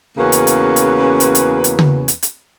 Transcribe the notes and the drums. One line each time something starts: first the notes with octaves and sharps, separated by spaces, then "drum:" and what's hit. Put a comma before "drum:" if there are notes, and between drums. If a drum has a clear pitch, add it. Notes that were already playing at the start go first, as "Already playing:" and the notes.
E2 C#3 A#3 C#4 F#4 B4
drum: hi-hat
drum: hi-hat
drum: hi-hat
drum: hi-hat
drum: hi-hat
drum: hi-hat
drum: tom C#3
drum: hi-hat
drum: hi-hat